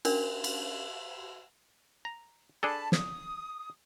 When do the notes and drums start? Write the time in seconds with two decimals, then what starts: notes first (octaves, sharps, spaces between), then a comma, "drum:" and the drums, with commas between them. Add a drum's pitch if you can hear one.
0.05 C#4 D4 A#4, drum: cymbal
0.44 drum: cymbal
2.05 A#5
2.63 D4 G#4 A4 A5 B5
2.92 D#6, drum: snare